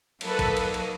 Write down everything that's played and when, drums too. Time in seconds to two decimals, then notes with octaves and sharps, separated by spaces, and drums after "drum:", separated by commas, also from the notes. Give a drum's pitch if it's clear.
0.21 F#3 A#3 D#4 A4 B4, drum: cymbal
0.39 drum: kick, cymbal
0.57 drum: cymbal
0.74 drum: cymbal